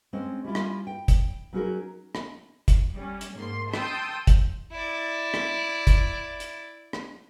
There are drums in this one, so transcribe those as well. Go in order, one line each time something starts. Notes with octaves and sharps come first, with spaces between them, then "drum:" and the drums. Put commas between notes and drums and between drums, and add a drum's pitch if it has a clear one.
G#3 C4 C#4 C5
G3 C#4 E4 F4
drum: rim click
G5
drum: kick, hi-hat
F#3 C#4 D#4 F#4 G#4 A#4
drum: rim click
drum: kick, hi-hat
G3 C#4
drum: hi-hat
G#2 A#3 C6
G5 A5 C6 D#6 E6 G6, drum: rim click
drum: kick, hi-hat
E4 D5
drum: rim click
drum: kick, hi-hat
drum: hi-hat
drum: rim click